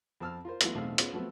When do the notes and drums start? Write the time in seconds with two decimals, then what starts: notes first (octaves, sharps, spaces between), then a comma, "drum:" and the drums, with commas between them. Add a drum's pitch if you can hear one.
0.20 F2 C4 A5 E6 F6
0.45 F4 A#4 C5
0.61 E3 F#3 A3 B3 F4, drum: hi-hat
0.75 B1 E2 A2 A3 C4 F5
0.98 B3 C#4 F4 G#4, drum: hi-hat
1.13 F3 F#3 A3 B3 C4